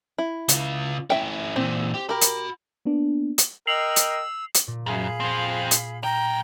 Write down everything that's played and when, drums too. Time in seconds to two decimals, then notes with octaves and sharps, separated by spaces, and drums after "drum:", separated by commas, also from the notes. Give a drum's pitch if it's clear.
0.18 E4
0.49 C#3 F4, drum: hi-hat
1.10 C#4 E4 E5 G5
1.56 A#2 E3 C4
1.94 G4
2.09 F#4 G4 A#4 B5
2.22 drum: hi-hat
2.85 A#3 B3 D4
3.38 drum: hi-hat
3.67 A#4 D#5 G5 E6 C7 F7 F#7
3.96 drum: hi-hat
4.55 drum: hi-hat
4.67 A#2
4.86 F#2 G#4 F5 B5
5.20 C4 F4
5.71 drum: hi-hat
6.04 B1 G5 A#5